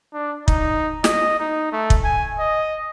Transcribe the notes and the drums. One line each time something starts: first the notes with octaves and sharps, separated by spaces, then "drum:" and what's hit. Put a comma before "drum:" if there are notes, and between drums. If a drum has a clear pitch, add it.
D4
D#4, drum: kick
D#5, drum: snare
D#4
A3
drum: kick
G#5
D#5